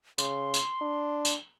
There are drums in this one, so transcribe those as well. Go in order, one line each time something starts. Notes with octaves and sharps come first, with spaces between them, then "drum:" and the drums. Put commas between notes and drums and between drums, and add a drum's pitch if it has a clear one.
C#3 C6, drum: tambourine
drum: tambourine
D4
drum: tambourine